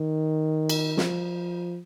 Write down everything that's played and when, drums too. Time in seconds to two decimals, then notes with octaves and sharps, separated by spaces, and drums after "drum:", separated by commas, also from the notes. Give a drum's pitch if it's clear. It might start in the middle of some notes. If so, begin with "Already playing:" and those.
Already playing: D#3
0.69 drum: cymbal
0.97 F3, drum: snare